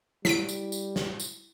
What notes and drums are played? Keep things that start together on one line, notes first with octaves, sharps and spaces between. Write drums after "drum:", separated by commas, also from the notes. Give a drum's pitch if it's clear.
G3 E4 B6 D7, drum: snare
drum: tambourine
drum: tambourine
drum: snare
drum: tambourine